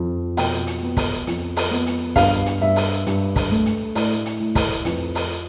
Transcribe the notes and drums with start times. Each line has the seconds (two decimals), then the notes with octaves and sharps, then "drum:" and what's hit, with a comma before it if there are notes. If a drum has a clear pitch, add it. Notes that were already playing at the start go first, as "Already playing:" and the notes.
Already playing: F2
0.37 B2 G5, drum: open hi-hat
0.67 drum: hi-hat
0.82 B3
0.97 drum: kick, open hi-hat
1.27 F2, drum: hi-hat
1.56 drum: open hi-hat
1.71 B3
1.86 drum: hi-hat
2.16 G2 F5, drum: kick, open hi-hat
2.46 drum: hi-hat
2.61 G2 E5
2.76 drum: open hi-hat
3.06 G2, drum: hi-hat
3.36 drum: kick, open hi-hat
3.51 A3
3.66 drum: hi-hat
3.95 A2 D5, drum: open hi-hat
4.25 drum: hi-hat
4.40 A2
4.55 drum: kick, open hi-hat
4.85 F2 B4, drum: hi-hat
5.15 drum: open hi-hat